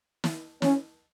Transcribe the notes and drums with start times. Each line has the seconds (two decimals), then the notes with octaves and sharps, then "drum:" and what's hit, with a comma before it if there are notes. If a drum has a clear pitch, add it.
0.24 drum: snare
0.62 C#4, drum: snare